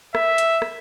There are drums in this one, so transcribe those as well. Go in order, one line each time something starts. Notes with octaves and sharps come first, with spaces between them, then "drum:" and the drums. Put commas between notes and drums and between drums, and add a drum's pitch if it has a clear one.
E5, drum: rim click
drum: hi-hat
drum: rim click